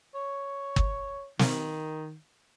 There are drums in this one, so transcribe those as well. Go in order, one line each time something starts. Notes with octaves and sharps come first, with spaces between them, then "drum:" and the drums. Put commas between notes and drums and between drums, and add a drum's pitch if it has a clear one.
C#5
drum: kick
D#3, drum: snare